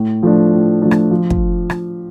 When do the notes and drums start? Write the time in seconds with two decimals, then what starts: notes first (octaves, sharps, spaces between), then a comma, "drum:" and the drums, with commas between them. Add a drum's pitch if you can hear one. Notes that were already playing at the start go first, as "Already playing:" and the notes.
Already playing: A2
0.23 F3 A3 D4
0.52 A2
0.82 F3 A3 D4
0.91 drum: rim click
1.11 F3
1.30 drum: kick
1.70 drum: rim click